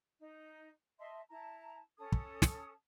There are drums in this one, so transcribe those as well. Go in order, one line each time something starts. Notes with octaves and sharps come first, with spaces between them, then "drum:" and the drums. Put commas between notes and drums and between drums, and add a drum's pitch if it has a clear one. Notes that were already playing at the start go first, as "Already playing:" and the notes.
D#4
D#5 E5 A5 C6
E4 A5 A#5
C#4 A4 A5 D#6
drum: kick
drum: snare